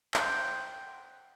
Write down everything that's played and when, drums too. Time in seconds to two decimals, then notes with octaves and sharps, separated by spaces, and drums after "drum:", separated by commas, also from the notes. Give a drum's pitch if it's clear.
0.14 C5 F#5 G5, drum: clap